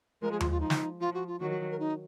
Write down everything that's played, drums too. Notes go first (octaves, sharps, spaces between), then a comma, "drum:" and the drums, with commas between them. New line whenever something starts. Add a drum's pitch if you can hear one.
F3 G#3 A#4
G#4
F4, drum: tom D#2
F4
F3 D#4
drum: snare
F3 F4
F#4
F4
D#3 F#3 F#4
F#4
A#4
D#4